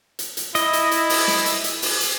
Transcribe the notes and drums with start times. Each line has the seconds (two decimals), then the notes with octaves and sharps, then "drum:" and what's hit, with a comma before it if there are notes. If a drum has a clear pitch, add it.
0.19 drum: hi-hat
0.37 drum: hi-hat
0.55 E4 D#5, drum: hi-hat
0.73 drum: hi-hat
0.91 drum: hi-hat
1.10 drum: open hi-hat
1.28 drum: snare
1.46 drum: hi-hat
1.64 drum: hi-hat
1.82 drum: open hi-hat
2.00 drum: hi-hat